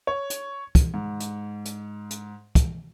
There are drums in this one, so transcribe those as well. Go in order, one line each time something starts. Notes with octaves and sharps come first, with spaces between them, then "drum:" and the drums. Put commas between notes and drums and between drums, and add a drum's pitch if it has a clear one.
C#5
drum: hi-hat
drum: kick, hi-hat
G#2
drum: hi-hat
drum: hi-hat
drum: hi-hat
drum: kick, hi-hat